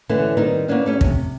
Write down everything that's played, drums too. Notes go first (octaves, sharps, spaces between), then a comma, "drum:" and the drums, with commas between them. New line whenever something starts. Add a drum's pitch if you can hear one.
D3 E3 A3 C#4
D#3 G3 C4 D#4
A#3 B3 C#4 D4
A3 C#4 G4
C3, drum: kick